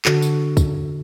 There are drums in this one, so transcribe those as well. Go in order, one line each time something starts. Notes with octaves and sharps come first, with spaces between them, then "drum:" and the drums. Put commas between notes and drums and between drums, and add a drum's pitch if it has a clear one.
D3 F#4 A4, drum: clap
drum: tambourine
drum: kick, tambourine